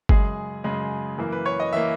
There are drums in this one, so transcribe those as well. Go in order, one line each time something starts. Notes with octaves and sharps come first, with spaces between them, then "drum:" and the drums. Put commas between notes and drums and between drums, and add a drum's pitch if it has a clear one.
F#2 C#3 G#3 G#4, drum: kick G1
F#2 C#3 G#3
F#2 E3 A#3
B4
C#5
D#5
E3 A#3 E5